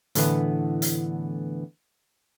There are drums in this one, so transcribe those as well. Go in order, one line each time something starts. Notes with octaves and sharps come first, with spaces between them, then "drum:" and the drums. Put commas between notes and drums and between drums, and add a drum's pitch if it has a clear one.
A2 D3 E3 A3 B3, drum: hi-hat
drum: hi-hat